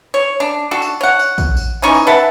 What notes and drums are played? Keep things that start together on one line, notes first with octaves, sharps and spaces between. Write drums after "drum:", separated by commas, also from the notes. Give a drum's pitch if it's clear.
C#5
D4
D4 F#4 A4
drum: tambourine
C#5 F#5
drum: tambourine
drum: kick, tambourine
drum: tambourine
E3 C#4 D#4 C#6
drum: tambourine
B4 E5 F#5 A5